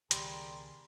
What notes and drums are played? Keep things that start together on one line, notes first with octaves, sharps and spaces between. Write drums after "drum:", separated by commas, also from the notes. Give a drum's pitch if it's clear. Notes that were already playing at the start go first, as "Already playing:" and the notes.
C#2 B2 D#3 G3 G#4 A#4 A#5 C6, drum: hi-hat